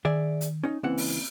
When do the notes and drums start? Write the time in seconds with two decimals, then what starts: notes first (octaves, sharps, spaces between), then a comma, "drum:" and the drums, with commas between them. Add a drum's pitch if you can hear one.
0.05 D#3 G#4 D5 E5
0.41 drum: hi-hat
0.63 C#4 D#4
0.83 C#2 E3 A#3 C4 C#4 F#5
0.98 drum: open hi-hat